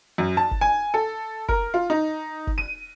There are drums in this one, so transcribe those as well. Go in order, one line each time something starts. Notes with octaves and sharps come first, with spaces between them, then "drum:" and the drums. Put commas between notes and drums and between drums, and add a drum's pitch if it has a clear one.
F#2
A5
drum: kick F#1
G#5
A4
A#4, drum: kick F#1
F4
D#4
drum: kick F#1
D#7